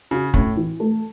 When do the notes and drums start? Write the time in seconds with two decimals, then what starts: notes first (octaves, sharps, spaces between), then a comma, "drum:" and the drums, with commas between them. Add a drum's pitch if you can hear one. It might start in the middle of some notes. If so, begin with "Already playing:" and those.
0.11 C#3 F#4
0.34 A2 C#4, drum: kick
0.57 E3
0.80 A3